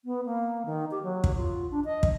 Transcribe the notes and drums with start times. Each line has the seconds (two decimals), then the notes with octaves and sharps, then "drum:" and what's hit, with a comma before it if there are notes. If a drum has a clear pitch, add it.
0.05 B3
0.26 A#3
0.66 D#3
0.91 G4
1.03 F#3
1.24 drum: kick
1.36 F4
1.71 D4
1.85 D#5
2.03 drum: kick